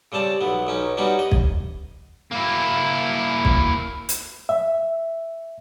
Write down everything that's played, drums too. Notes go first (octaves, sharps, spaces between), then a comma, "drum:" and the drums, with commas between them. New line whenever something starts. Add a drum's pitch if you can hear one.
C#3 G3 C4 A5
B1 B3
B1 C#4 D#4
G3 B3 C#4 D#4 F#4
D#5
drum: kick B1
A#3 E4
drum: kick B1
drum: hi-hat
E5